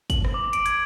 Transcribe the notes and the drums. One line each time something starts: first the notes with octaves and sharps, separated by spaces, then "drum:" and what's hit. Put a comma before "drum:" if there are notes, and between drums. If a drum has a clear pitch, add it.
F#7, drum: kick, hi-hat
drum: rim click
D6
D7, drum: hi-hat
G#6, drum: hi-hat